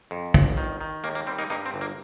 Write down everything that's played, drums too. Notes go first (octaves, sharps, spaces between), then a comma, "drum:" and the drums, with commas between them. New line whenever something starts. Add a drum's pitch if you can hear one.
F2
G1, drum: kick
D#3
D#3
D#2 A#3
A#3
G3 C4
A#3 D#4
G2 A#3 D#4
C4
G1
A#3